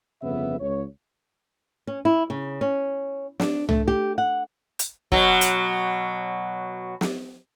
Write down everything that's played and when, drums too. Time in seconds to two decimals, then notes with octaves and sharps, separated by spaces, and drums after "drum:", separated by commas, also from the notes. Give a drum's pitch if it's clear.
0.22 G1 F2 C#3 B3 B4 E5
0.60 C#2 C#5
1.87 C#4
2.05 E4
2.30 C#3
2.61 C#4
3.40 D4, drum: snare
3.69 A3, drum: tom
3.88 G4
4.18 F#5
4.79 drum: hi-hat
5.12 B2 F#3, drum: kick
5.41 drum: hi-hat
7.01 drum: snare